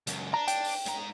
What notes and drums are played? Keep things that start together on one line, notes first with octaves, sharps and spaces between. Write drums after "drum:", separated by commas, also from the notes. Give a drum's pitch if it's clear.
C#2 F#2, drum: hi-hat
D4 A#5
G5, drum: hi-hat
drum: open hi-hat
G#2 A#5, drum: hi-hat